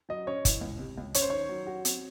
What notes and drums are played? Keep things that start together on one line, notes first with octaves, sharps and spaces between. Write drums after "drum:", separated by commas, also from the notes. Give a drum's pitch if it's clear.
F#3 D#5
C#4 C#5
E3, drum: kick, hi-hat
C#2
C3
C#2
C#4 C#5, drum: hi-hat
C5
D#3 C#5
F#3
F#4
C4, drum: hi-hat